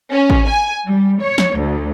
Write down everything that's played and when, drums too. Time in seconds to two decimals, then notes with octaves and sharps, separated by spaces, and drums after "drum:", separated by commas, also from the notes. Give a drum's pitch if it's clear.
0.12 C#4
0.30 drum: kick
0.49 G#5
0.86 G3
1.22 C#5
1.38 drum: snare
1.59 D2